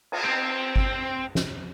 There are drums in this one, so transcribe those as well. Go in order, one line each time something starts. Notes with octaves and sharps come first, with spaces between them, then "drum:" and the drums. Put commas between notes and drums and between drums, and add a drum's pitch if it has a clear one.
drum: cymbal
C4
drum: kick G1
drum: snare